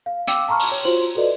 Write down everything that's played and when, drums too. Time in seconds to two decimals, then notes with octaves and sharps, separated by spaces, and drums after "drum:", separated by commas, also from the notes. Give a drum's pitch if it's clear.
0.06 F5
0.27 F5 G5 D6 E6, drum: hi-hat
0.48 A5 A#5 C6 C#6 F6
0.60 drum: open hi-hat
0.72 C#5
0.84 F4 F#4 C5 C6 F#7
1.15 F#4 A4 B4 D5 D#5